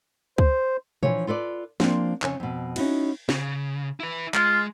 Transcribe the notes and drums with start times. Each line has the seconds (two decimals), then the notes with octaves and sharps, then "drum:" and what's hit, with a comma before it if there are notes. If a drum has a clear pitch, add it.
0.38 C5, drum: kick C#2
1.03 E3 F3 D4 C#5, drum: tom A#2
1.27 F4 A4 B4 D5
1.80 F3 A#3 C4 D4, drum: snare
2.22 F2 C#3 C#5 G#5, drum: clap
2.40 F2 B2
2.76 C#4 D#4 E4 F#4, drum: cymbal
3.29 C#3, drum: snare
4.00 E4 B4
4.34 G#3 F4, drum: clap